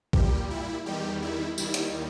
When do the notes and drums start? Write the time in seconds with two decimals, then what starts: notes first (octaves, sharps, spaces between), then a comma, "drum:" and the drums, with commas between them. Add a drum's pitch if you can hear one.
0.13 A#2 G3 G4, drum: kick
0.50 E4
0.86 E2 D#3 G3 G4
1.22 E4
1.58 D#2 D#3 G3 E4, drum: tambourine
1.74 drum: hi-hat